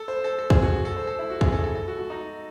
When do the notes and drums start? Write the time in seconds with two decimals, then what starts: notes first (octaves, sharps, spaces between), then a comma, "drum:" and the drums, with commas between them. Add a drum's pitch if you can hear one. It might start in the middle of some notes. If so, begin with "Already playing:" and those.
Already playing: A4
0.08 C5
0.24 A4
0.38 A4
0.50 G#4, drum: kick
0.62 F#4
0.85 A4
0.96 C5
1.07 A4
1.19 E4
1.30 F#4
1.41 G#4, drum: kick
1.52 A4
1.64 A4
1.75 A4
1.88 F#4
1.99 F#4
2.10 D#4